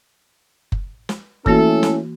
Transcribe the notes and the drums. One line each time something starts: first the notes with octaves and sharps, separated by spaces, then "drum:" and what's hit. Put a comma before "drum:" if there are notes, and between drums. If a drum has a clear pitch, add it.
drum: kick F#1
drum: snare
E3 A3 A#3 C#4 E4 F#4 A4, drum: kick F#1
drum: snare